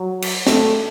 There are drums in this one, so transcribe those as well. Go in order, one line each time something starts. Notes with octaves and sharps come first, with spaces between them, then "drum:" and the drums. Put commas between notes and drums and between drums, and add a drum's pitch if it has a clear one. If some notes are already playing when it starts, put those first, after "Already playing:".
Already playing: F#3
drum: cymbal
A3, drum: snare